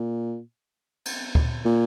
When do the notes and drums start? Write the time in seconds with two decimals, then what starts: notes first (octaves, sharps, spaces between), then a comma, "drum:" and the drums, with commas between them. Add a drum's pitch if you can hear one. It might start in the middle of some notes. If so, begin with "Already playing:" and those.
Already playing: A#2
1.05 drum: cymbal
1.35 drum: kick D2
1.65 A#2